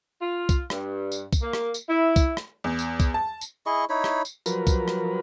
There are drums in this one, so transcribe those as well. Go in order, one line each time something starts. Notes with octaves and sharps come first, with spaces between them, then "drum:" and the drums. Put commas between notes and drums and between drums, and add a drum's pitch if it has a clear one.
F4
drum: kick, tambourine
G2, drum: rim click
drum: tambourine
drum: kick, tambourine
A#3
drum: rim click
drum: tambourine
E4
drum: kick, tambourine
drum: rim click
E2
drum: tambourine
drum: kick, tambourine
A5
drum: tambourine
E4 G#4 D#5 C#6
D#4 E4 C#5 B5
drum: rim click
drum: tambourine
F3 F#3 A#4 B4, drum: tambourine
drum: kick, tambourine
drum: rim click